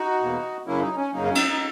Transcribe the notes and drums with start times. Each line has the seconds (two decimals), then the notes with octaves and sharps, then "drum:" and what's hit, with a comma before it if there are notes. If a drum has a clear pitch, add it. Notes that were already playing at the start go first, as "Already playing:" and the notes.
Already playing: D#4 F#4
0.21 E2 B2 A#3
0.66 F#2 C#3 F#3 A#3 C#4 E4
0.82 D#4
0.97 C#4
1.13 F#2 C#3 F#3 A#3 D#4
1.24 C#4
1.35 D#4, drum: cymbal
1.47 D#4